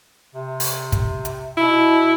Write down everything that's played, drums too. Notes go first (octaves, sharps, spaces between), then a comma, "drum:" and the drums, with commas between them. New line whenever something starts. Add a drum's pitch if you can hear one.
C3
drum: open hi-hat
drum: kick, hi-hat
drum: hi-hat
B2 E4